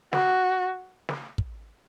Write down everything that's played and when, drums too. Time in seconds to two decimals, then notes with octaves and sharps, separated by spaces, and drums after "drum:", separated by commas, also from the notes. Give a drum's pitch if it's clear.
0.13 F#4, drum: snare
1.09 drum: snare
1.38 drum: kick